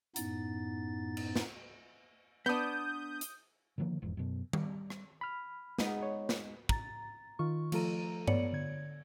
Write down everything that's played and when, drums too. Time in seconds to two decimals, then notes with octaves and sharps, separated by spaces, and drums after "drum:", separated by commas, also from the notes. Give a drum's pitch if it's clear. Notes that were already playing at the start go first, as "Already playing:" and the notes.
0.16 F#2 A2 B3 D#4 A6, drum: hi-hat
1.17 drum: cymbal
1.36 drum: snare
2.46 B3 D4 D#6 G6
3.21 drum: hi-hat
3.78 D3 D#3 F3 A#3
4.02 F1 E2 G#2
4.17 F#2 B2
4.53 G3, drum: tom D#3
4.90 drum: rim click
5.21 B5 F6
5.79 G#3 B3 D#4 B4, drum: snare
6.03 C#5
6.29 drum: snare
6.69 A#5 A6, drum: kick
7.39 D#3 F4 C#6
7.72 F3 A3 F4 A4 A#5 D#7, drum: cymbal
8.28 B3 C#5 D5 C#7 F#7, drum: tom G2
8.53 D3 G#6